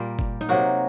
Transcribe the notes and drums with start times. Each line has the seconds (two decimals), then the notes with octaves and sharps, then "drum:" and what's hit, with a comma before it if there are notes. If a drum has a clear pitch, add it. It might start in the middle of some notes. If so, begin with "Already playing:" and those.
Already playing: A#2 G3 A#3
0.19 drum: kick F#1
0.41 D#4
0.49 C3 F#3 A#3 F#4